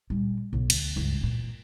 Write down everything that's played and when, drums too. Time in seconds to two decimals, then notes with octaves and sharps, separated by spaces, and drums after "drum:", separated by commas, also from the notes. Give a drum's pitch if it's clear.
0.10 A#2 G3
0.53 B1 B2
0.70 D2, drum: cymbal
0.96 C#2 G2
1.21 A#2 E3